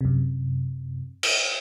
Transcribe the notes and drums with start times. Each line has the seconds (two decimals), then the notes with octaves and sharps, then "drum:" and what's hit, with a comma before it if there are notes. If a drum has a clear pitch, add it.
0.01 F#2 C3
1.23 drum: cymbal